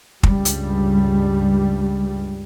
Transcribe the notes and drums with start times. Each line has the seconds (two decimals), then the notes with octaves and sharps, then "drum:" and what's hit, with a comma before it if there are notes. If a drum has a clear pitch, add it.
0.23 C#2 G2 G3, drum: kick
0.45 drum: hi-hat